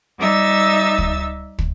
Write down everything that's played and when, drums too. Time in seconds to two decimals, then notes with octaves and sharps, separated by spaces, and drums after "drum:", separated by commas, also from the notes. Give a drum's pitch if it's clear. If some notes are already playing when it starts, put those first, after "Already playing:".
0.18 G3 D#4 E5 E6 A6
0.98 drum: kick
1.59 drum: kick